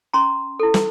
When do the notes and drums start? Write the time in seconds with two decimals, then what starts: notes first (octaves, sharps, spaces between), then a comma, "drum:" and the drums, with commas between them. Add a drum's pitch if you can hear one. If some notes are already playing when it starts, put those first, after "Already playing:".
0.14 C#4 A#5 C6
0.60 E4 A4
0.74 drum: snare